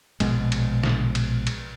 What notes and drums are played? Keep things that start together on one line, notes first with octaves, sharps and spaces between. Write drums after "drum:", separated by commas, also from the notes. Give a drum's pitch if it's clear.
A#1 B2 G#3, drum: cymbal
drum: cymbal
drum: snare
drum: cymbal
drum: cymbal